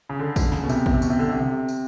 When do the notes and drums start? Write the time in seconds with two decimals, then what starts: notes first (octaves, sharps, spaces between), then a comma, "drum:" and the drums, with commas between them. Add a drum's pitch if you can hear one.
0.09 C#3
0.19 D3
0.36 drum: kick, tambourine
0.52 C#3, drum: snare
0.64 B2
0.69 C3, drum: tambourine
0.86 B2, drum: kick
0.94 C3
1.02 B2, drum: tambourine
1.10 C3
1.19 D3
1.29 C3
1.40 C3
1.68 drum: tambourine